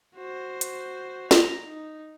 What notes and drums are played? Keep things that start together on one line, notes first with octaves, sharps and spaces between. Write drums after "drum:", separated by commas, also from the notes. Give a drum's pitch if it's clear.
F#4 C5
drum: hi-hat
A#5, drum: snare
D#4